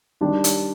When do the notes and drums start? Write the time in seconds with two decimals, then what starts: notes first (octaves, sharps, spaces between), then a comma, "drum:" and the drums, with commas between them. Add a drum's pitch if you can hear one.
0.21 D#3 G3 D4 G4
0.44 drum: hi-hat